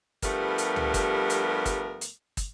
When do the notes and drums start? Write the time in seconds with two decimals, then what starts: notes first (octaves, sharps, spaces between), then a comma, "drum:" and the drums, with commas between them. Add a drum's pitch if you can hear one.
0.22 G2 F3 G3 A3 B3 A#4, drum: kick, hi-hat
0.58 drum: hi-hat
0.76 drum: tom C#2
0.94 drum: kick, hi-hat
1.30 drum: hi-hat
1.66 drum: kick, hi-hat
2.01 drum: hi-hat
2.37 drum: kick, hi-hat